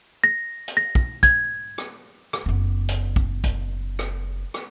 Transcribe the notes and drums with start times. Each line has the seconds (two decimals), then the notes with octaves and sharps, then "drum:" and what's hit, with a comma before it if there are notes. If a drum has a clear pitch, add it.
0.24 A#6
0.68 drum: hi-hat
0.77 A#6
0.95 drum: kick
1.23 G#6, drum: kick, hi-hat
1.78 drum: rim click
2.33 drum: rim click
2.46 F#1 B3
2.89 drum: hi-hat
3.16 drum: kick
3.44 drum: kick, hi-hat
3.99 drum: rim click
4.54 drum: rim click